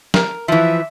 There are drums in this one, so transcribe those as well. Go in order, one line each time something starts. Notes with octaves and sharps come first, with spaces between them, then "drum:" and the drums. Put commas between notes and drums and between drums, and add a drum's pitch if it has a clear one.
A#4, drum: snare
E3 F3 E5